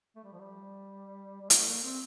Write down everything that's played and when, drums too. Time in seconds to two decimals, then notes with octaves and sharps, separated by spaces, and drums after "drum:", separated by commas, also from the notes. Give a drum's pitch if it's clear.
0.16 A3
0.24 G3
0.32 F3
0.40 G3
1.41 G3
1.50 A3, drum: hi-hat
1.67 A#3
1.83 C4